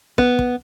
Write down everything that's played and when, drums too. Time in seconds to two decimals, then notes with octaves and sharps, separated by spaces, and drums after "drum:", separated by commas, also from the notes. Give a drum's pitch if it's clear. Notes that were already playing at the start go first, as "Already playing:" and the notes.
0.18 B3, drum: kick
0.39 drum: kick